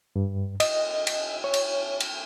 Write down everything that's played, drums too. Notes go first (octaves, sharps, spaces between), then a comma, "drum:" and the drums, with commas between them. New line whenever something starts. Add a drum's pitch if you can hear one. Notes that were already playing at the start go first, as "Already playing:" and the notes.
G2
D#5, drum: cymbal
drum: cymbal
C#5
drum: cymbal
drum: cymbal